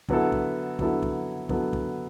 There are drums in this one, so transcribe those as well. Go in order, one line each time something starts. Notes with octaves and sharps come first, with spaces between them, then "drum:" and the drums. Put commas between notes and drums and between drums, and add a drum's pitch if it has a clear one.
D3 F#3 B3 E4 A4, drum: kick
drum: kick
D3 F#3 B3 E4 A4, drum: kick
drum: kick
D3 F#3 B3 E4 A4, drum: kick
drum: kick